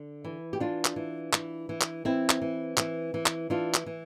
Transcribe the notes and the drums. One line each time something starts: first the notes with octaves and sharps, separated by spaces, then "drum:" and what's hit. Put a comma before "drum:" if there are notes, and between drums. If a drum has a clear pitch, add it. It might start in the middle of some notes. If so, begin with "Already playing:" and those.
Already playing: D3
E3
G4
E3 D4 F4
drum: clap
E3
E3, drum: clap
E3
drum: clap
E3 C4 E4
drum: clap
E3
E3, drum: clap
E3
drum: clap
E3 D4 F4
drum: clap
E3